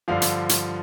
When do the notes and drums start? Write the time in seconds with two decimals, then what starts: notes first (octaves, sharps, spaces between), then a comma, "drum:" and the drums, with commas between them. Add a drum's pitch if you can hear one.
0.08 G2 D3 F3 F5
0.22 drum: hi-hat
0.49 drum: hi-hat